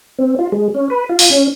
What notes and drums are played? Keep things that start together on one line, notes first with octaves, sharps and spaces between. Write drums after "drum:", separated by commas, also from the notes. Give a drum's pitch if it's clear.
C4
F4
G#3
C#4
B4
F4
drum: open hi-hat
C#4